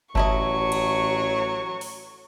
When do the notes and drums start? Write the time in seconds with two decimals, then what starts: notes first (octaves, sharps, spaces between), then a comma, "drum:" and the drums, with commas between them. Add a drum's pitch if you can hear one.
0.15 A1 F#3 A3 E4 D#5 C#6, drum: kick G1
0.72 drum: cymbal
1.81 drum: open hi-hat